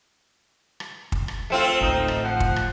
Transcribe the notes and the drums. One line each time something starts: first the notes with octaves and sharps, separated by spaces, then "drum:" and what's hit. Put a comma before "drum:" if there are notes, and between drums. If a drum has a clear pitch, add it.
drum: rim click
drum: kick
drum: rim click
A3 C4 F4
A1 D2 D#4
drum: rim click
F3 C5 F#5
drum: kick
drum: rim click